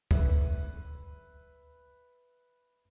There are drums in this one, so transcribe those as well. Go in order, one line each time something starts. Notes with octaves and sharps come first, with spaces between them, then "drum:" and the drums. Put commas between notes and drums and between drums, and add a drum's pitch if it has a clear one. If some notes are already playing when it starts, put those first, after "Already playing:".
B4 E5, drum: kick D2